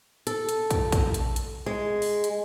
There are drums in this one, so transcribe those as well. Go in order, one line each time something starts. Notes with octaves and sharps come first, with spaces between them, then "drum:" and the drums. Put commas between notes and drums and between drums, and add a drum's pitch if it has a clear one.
A4, drum: hi-hat
drum: hi-hat
drum: kick, hi-hat
drum: kick, hi-hat
drum: hi-hat
drum: hi-hat
G#3
drum: open hi-hat
drum: hi-hat